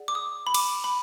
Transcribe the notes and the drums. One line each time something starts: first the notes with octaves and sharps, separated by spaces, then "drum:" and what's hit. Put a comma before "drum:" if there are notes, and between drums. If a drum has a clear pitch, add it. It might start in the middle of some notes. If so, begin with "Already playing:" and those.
Already playing: G#4 D5 F#5
D6
D#6
B5
D6, drum: cymbal
B5